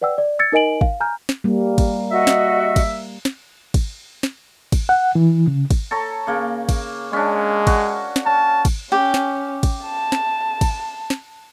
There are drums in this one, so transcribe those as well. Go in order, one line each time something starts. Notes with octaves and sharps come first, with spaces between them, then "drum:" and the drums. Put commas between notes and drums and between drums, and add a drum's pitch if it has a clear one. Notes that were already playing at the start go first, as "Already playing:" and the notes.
B4 D5 F#5 G5 E6
D5
E6 G#6 A6 C#7
D#4 A#4 D#5 G#5 D7 F#7
F5, drum: kick
G#5 A#5 F6 G6
drum: snare
G3 A#3
drum: kick, cymbal
F#4 D#5 E5
drum: snare
drum: kick, cymbal
drum: snare
drum: kick, cymbal
drum: snare
drum: kick, cymbal
F#5
E3
C#3
drum: kick, cymbal
A4 C#5 A#5
C#3 A#3
drum: kick, cymbal
G#3 C#4 D4
F#4, drum: kick, cymbal
drum: snare
C#4 A5
drum: kick, cymbal
C#4 G4
drum: snare
drum: kick, cymbal
A5
drum: snare
drum: kick, cymbal
drum: snare